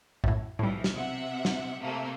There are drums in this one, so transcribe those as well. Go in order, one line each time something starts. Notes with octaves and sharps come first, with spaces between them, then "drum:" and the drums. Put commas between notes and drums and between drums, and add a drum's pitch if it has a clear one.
F#2 A2, drum: kick
B1 A2 E3 F3 G3
drum: snare
C3 E5 F#5
drum: snare
C3 A3 A#3